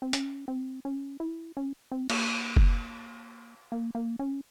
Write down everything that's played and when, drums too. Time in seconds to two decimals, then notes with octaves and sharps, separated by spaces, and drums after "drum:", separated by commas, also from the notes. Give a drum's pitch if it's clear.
0.02 C4
0.13 C#4, drum: hi-hat
0.48 C4
0.85 C#4
1.20 E4
1.57 C#4
1.91 C4
2.10 A#3, drum: cymbal
2.57 drum: kick F#1
3.72 A#3
3.95 A#3
4.19 C#4